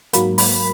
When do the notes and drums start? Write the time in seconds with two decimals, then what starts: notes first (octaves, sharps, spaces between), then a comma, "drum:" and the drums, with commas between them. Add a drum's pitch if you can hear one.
0.13 G#2 F#3 A#3 B5, drum: hi-hat
0.38 B5, drum: open hi-hat